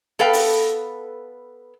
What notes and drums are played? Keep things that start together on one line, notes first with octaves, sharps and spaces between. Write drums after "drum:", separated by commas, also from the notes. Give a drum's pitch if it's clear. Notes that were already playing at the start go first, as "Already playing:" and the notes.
B3 A4 B4 F5 G5
drum: open hi-hat